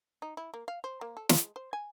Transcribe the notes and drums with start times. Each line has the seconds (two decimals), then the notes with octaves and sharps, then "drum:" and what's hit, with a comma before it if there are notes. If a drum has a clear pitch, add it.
0.22 D#4
0.37 E4
0.54 A#3
0.68 F5
0.84 C5
1.01 A#3
1.17 A4
1.29 G#3, drum: snare
1.56 C5
1.73 G#5